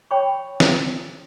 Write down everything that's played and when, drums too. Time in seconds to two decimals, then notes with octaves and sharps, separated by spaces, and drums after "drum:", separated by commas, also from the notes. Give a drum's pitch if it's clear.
0.11 C#5 G5 B5 C#6
0.60 drum: snare